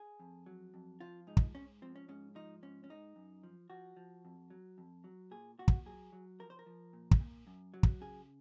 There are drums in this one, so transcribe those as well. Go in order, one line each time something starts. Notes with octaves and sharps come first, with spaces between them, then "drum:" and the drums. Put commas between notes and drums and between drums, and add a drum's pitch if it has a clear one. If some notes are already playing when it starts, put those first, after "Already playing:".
Already playing: G#4
F2
F#3
F2
F3 F4
G#2 D#4
drum: kick
G#2 C#4
F3 C4
C#4
G#2 C#4
F3 D#4
G#2 C#4
C#4
G#2 D#4
F#2
F3
F3 F#4
F3
F2
F#3
F2
F#3
A#2 G#4
A#2 F#4
drum: kick
F#3 G#4
F#3
F3 A#4
C5
A#4
F3
A#2
drum: kick
A#2
F#2
F#3
drum: kick
C#3 G#4